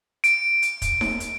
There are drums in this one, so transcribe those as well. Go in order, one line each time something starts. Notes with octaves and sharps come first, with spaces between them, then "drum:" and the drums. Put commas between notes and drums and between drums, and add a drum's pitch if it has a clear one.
D7, drum: hi-hat
drum: hi-hat
drum: kick, hi-hat
drum: snare D#4
drum: hi-hat